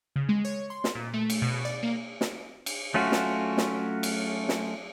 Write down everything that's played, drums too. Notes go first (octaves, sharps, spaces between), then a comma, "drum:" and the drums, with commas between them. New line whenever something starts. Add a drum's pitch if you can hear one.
C#3
G#3
C#5
C6
drum: snare
A#2
A3
drum: cymbal
B2
D5
A#3
drum: snare
drum: cymbal
F#3 A3 C#4 F4 F#4
drum: snare
drum: snare
drum: cymbal
drum: snare